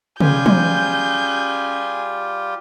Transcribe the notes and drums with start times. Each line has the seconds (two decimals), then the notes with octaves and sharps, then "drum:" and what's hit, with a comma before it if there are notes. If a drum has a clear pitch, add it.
0.21 G3 C#4 F4 G4 G#4 G#5 G6, drum: tom
0.46 drum: tom